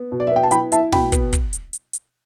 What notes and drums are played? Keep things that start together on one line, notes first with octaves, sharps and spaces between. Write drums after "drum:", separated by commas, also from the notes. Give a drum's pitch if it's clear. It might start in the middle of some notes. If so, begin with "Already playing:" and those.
Already playing: B3
B2
D5
E5
B3 G5
A5
E4 G5 B5, drum: hi-hat
E4 E5 A5, drum: hi-hat
B2 G5 B5, drum: snare
B3, drum: kick, hi-hat
drum: kick, hi-hat
drum: hi-hat
drum: hi-hat
drum: hi-hat